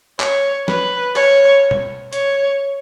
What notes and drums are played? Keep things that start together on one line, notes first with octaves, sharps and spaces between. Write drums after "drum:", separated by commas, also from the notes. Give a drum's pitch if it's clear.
C#5, drum: clap
B4, drum: snare
C#5, drum: cymbal
drum: tom B2
C#5, drum: hi-hat